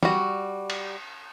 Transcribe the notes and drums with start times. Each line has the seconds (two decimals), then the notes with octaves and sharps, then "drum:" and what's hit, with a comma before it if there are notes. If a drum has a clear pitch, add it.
0.03 G3 F#4, drum: snare
0.70 drum: cymbal